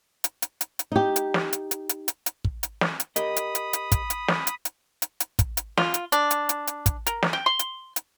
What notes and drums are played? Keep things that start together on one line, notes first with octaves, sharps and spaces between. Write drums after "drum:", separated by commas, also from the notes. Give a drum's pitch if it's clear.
drum: hi-hat
drum: hi-hat
drum: hi-hat
drum: hi-hat
D#4 G4
drum: hi-hat
drum: snare
drum: hi-hat
drum: hi-hat
drum: hi-hat
drum: hi-hat
drum: hi-hat
drum: kick
drum: hi-hat
drum: snare
drum: hi-hat
G4 A#4 D#5 B5 D#6, drum: hi-hat
drum: hi-hat
drum: hi-hat
drum: hi-hat
drum: kick, hi-hat
drum: hi-hat
drum: snare
drum: hi-hat
drum: hi-hat
drum: hi-hat
drum: hi-hat
drum: kick, hi-hat
drum: hi-hat
F4, drum: snare
drum: hi-hat
D4, drum: hi-hat
drum: hi-hat
drum: hi-hat
drum: hi-hat
drum: kick, hi-hat
A#4, drum: hi-hat
drum: snare
G5
C6
drum: hi-hat
drum: hi-hat